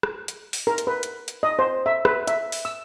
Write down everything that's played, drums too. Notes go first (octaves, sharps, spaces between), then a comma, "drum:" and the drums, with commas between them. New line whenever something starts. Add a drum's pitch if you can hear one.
drum: rim click
drum: hi-hat
drum: open hi-hat
A#4
drum: hi-hat
B4
drum: hi-hat
drum: hi-hat
D#5
C5
E5
B4, drum: rim click
E5, drum: hi-hat
drum: open hi-hat
E6